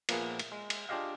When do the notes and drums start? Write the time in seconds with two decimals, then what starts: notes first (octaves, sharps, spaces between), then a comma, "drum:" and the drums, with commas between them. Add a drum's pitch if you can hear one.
0.09 A#2 F3 A#3 B3 G#4 F#5, drum: cymbal
0.39 drum: cymbal
0.52 G#3
0.70 drum: cymbal
0.89 D4 F4 G4 G#4 D#5 F5